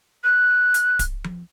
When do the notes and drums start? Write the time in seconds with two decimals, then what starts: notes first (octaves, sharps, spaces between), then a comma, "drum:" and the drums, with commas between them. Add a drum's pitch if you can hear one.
0.24 F#6
0.74 drum: hi-hat
0.99 drum: kick D1, hi-hat
1.24 drum: tom F3